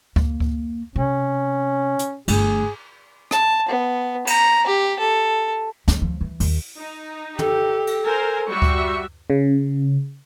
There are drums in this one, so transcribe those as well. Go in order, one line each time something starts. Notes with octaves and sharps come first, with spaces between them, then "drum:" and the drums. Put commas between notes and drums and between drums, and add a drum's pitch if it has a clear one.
A#3, drum: kick D2
drum: kick D2
C3 C#4
drum: hi-hat
G1 A3 G#4, drum: cymbal
A5, drum: rim click
B3
A#5, drum: cymbal
G4
A4
D2, drum: snare
F3
E3
D#2, drum: open hi-hat
D#4
G4 A4, drum: tom
drum: cymbal
A#4 C5 G#5
G3 F#4 E5 C#6
drum: kick D2
C#3